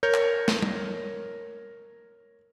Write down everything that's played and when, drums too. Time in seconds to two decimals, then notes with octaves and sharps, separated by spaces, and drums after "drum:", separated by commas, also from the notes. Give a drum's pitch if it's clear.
0.03 A#4 C#5 G6
0.14 drum: clap
0.48 drum: snare
0.62 drum: tom G3